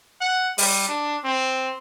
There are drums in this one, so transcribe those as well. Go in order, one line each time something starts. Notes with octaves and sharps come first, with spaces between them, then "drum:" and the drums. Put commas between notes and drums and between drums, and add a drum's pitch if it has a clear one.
F#5
G3, drum: open hi-hat
D4
C4